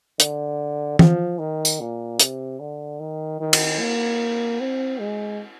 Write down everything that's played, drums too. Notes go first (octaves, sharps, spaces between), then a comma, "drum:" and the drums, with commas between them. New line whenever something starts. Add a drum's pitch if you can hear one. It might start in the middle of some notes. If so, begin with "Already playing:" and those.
D3, drum: hi-hat
F3, drum: tom
D#3
drum: tambourine
A#2
C3, drum: hi-hat
D3
D#3
D#3
drum: cymbal
A#3
C4
G#3